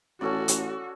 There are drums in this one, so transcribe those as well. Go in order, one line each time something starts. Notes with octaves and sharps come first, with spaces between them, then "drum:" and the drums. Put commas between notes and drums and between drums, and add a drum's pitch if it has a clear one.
A1 C#4 F#4 A4 D5
drum: hi-hat